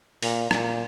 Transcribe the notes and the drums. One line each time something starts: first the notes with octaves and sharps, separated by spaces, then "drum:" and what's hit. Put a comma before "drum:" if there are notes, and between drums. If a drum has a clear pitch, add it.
A#2, drum: open hi-hat
A#2, drum: rim click